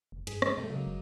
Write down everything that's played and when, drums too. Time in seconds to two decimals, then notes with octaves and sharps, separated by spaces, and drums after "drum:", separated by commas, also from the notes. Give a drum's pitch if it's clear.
0.12 F1
0.27 G2 G#4, drum: cymbal
0.42 G#3, drum: rim click
0.58 B2 G3 A3
0.70 C#3 F#3 G#3 A#3
0.87 F#1